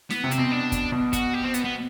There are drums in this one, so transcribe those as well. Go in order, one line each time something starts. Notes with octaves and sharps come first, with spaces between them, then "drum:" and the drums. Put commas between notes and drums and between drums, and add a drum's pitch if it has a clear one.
B3, drum: snare
C3
C4, drum: hi-hat
B2
D4
drum: kick, hi-hat
B2
F#4, drum: kick, hi-hat
G4
C4
B3, drum: hi-hat
B3